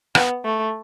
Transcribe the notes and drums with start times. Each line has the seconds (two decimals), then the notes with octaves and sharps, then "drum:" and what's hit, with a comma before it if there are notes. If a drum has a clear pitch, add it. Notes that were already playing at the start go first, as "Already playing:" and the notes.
0.15 B3, drum: rim click
0.45 A3